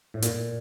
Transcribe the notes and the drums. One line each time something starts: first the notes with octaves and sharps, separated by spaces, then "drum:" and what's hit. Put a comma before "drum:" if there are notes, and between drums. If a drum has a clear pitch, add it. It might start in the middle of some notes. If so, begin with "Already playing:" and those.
A2
A#2, drum: hi-hat